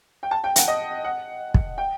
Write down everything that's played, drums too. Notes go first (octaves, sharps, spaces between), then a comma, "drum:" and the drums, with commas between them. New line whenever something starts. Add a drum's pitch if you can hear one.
G5
A5
G5
F#5, drum: hi-hat
D#5
F#5
drum: kick
G5